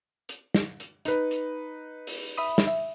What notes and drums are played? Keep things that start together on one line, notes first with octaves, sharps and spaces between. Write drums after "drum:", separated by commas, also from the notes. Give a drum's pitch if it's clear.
drum: hi-hat
drum: snare
drum: hi-hat
D#4 B4, drum: hi-hat
drum: hi-hat
drum: open hi-hat
E5 B5 D#6
drum: snare
E5